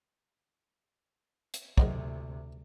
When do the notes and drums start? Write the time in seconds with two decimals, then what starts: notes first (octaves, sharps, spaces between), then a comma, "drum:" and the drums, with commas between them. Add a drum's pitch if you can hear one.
1.54 drum: hi-hat
1.78 D2 G#2 C3 D#3 F#3, drum: kick